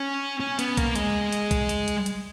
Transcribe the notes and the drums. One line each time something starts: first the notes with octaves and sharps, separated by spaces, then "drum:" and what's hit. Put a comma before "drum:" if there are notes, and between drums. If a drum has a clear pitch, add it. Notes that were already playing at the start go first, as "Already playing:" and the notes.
Already playing: C#4
C#4
B3, drum: hi-hat
A#3, drum: kick, hi-hat
G#3, drum: hi-hat
drum: hi-hat
drum: kick, hi-hat
drum: hi-hat
drum: hi-hat
drum: hi-hat